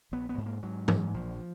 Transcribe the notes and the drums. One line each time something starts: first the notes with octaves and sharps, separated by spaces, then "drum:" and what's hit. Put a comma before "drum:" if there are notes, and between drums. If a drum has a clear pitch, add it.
A#1 B3
B3
G#2
A#3
G#2 F#3
G#2, drum: tom
A#1 F3